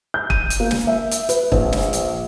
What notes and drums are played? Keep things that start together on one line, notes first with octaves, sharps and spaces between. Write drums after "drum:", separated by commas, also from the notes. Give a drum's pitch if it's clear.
G6
D#7, drum: kick
drum: hi-hat
A#3
drum: snare
E5
drum: hi-hat
B4, drum: hi-hat
A#1, drum: kick
drum: snare
drum: hi-hat